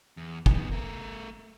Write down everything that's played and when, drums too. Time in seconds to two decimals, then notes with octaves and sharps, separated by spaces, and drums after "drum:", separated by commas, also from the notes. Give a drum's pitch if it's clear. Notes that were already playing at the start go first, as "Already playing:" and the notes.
0.17 E2
0.46 D#3 B3, drum: kick
0.72 A3 A#4